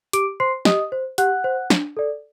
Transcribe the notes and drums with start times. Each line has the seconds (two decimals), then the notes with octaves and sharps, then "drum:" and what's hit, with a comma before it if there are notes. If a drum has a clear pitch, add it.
0.13 G4 D6 D7, drum: hi-hat
0.40 C5 C6 C7
0.65 G4 D#5 D#6, drum: snare
0.92 C5
1.18 G4 F#5 F#6, drum: hi-hat
1.44 C5
1.70 D4, drum: snare
1.97 A4 D5